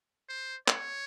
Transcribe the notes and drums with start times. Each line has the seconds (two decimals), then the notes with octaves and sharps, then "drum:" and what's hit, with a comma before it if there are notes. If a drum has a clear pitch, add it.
0.29 C5
0.68 C#5, drum: clap